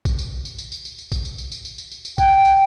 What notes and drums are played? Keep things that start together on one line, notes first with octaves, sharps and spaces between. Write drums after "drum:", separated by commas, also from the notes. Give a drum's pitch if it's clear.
drum: kick, tambourine
drum: tambourine
drum: tambourine
drum: tambourine
drum: tambourine
drum: tambourine
drum: tambourine
drum: kick, tambourine
drum: tambourine
drum: tambourine
drum: tambourine
drum: tambourine
drum: tambourine
drum: tambourine
drum: tambourine
G5, drum: kick, tambourine
drum: tambourine